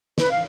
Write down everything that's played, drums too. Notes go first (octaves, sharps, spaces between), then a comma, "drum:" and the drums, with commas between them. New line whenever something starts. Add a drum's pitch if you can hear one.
B4, drum: snare
F5